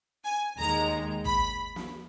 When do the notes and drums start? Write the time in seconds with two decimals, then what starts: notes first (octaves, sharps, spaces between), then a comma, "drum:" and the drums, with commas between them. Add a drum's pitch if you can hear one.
0.24 G#5
0.57 D#2 D#3 G#3 A#5
1.25 B5, drum: kick
1.76 drum: snare